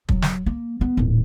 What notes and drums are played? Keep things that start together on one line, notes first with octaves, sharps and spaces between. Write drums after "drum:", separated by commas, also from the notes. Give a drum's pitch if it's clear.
F#3, drum: kick
drum: snare
A#3
B3
D#1 A1